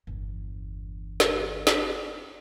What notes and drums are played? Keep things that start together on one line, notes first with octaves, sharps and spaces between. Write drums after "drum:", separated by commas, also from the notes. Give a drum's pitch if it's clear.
G1 E2
drum: snare
drum: snare